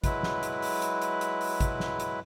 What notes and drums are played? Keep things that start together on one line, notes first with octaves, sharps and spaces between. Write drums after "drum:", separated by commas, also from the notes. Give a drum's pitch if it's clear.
F#3 G#3 E4 B4, drum: kick, hi-hat
drum: snare
drum: hi-hat
drum: open hi-hat
drum: hi-hat
drum: hi-hat
drum: hi-hat
drum: open hi-hat
drum: kick, hi-hat
drum: snare
drum: hi-hat